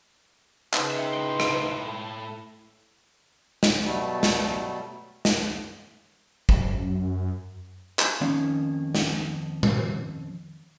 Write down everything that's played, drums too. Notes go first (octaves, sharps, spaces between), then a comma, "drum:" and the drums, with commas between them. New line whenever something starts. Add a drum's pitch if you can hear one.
C#3 D#4 B4 C6, drum: clap
E5 G5
A2 G5
drum: rim click
A4
drum: snare
B2 F#3 G3 A3
drum: snare
drum: snare
F#2, drum: kick
drum: clap
F2 D#3 A#3 C#4 F5
drum: snare
drum: tom A#2